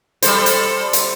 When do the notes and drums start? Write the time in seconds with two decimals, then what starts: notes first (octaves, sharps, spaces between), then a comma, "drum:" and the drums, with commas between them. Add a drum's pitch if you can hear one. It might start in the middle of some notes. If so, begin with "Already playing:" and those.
0.22 G3 A4 C5, drum: hi-hat
0.46 drum: hi-hat
0.93 drum: hi-hat